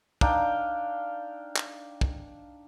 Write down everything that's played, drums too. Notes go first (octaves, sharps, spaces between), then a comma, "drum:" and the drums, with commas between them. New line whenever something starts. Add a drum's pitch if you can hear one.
D4 D#4 F5 G5, drum: kick
drum: clap
drum: kick